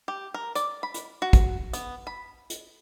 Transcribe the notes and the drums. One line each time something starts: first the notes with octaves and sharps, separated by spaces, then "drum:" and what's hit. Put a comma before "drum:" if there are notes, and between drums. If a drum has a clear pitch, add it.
G4
A#4
D5, drum: hi-hat
B5
drum: hi-hat
F#4
drum: kick, hi-hat
B3, drum: hi-hat
B5
drum: hi-hat